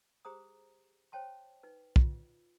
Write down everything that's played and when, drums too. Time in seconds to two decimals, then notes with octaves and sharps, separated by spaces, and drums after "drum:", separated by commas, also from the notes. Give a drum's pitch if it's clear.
0.25 G4 G#4 C5 A#5 D#6
1.12 C5 C#5 G5 A5 C6
1.63 D#4 B4
1.96 F4, drum: kick